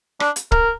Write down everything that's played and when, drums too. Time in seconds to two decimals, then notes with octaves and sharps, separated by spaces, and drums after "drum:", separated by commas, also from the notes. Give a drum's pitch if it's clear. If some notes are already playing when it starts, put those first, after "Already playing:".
0.20 D4, drum: rim click
0.36 drum: hi-hat
0.52 A#4, drum: kick